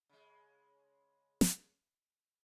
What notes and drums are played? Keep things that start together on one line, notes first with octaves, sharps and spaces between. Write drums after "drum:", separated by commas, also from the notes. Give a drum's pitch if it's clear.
C#3 G#3
drum: snare